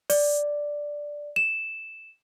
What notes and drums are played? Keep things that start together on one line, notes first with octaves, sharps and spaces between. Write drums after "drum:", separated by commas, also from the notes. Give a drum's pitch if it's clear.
D5, drum: open hi-hat
E7